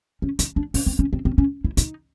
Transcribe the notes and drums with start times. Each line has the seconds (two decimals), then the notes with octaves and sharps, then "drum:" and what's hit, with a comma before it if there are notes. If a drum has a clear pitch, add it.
0.22 C#4
0.39 D#4, drum: hi-hat
0.56 D4
0.74 C#4, drum: open hi-hat
0.86 C4
0.99 C#4
1.13 C4
1.25 C4
1.38 C#4
1.65 E4
1.77 D#4, drum: hi-hat